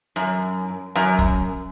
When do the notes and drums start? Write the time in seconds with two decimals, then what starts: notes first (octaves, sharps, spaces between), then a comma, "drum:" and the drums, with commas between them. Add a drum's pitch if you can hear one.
0.16 F#2
0.96 F#2
1.19 drum: kick